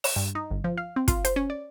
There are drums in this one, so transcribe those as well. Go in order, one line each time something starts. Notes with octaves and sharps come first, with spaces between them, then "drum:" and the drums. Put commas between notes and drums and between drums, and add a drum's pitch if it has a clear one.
E7, drum: open hi-hat
G2
D#4
G1
F3
F5
C4
F4, drum: kick, hi-hat
C5, drum: hi-hat
C#4
D5